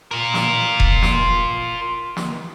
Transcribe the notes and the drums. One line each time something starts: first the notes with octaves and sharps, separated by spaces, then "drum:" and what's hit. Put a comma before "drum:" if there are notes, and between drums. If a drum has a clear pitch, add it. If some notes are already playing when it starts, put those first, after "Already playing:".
F4 A#4
drum: snare
drum: kick E1
drum: snare
drum: snare